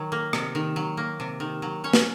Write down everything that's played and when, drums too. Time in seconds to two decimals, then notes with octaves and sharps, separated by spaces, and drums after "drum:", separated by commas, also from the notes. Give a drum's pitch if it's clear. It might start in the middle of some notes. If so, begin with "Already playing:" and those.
Already playing: D#3 F#3
0.12 A#3
0.33 C3, drum: rim click
0.55 D#3
0.76 F#3
0.97 A#3
1.20 C3
1.40 D#3
1.62 F#3
1.84 C#4 C#5
1.93 drum: snare